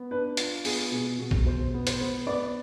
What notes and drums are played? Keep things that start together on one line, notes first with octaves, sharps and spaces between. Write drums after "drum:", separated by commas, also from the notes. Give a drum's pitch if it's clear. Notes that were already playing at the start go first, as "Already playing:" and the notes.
Already playing: B3
D4 B4
F4, drum: hi-hat
B3 G#4, drum: open hi-hat
B2 G#4
B2
drum: kick B1
B2 C5
B3
C5, drum: hi-hat
B3
B3 D5